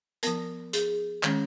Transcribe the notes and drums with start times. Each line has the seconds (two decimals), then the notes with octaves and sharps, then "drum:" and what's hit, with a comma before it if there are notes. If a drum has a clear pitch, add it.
0.23 F3 B3 A#4, drum: hi-hat
0.73 G#4, drum: hi-hat
1.23 D#3 G#3 C#4, drum: clap